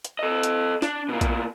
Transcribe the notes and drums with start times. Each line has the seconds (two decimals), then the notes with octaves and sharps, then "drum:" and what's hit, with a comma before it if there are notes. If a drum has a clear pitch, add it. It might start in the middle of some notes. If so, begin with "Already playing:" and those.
0.05 drum: hi-hat
0.19 A4 D#5
0.43 drum: hi-hat
0.82 D4, drum: snare
1.09 B2 A#3
1.21 drum: kick A#1, hi-hat